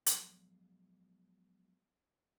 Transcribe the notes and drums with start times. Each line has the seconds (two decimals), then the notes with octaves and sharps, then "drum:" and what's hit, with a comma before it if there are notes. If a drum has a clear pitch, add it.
0.06 F3 F#3 G#3 B3, drum: hi-hat